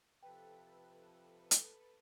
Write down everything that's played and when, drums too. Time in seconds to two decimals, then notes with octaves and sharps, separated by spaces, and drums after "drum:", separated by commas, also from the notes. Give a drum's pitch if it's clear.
0.23 C3 F3 A4 B4 G5
1.51 drum: hi-hat